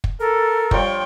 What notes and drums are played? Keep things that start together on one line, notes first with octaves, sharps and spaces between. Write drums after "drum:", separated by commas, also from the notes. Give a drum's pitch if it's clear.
drum: kick
A4 A#4
F3 G3 F4 C#5 G5, drum: kick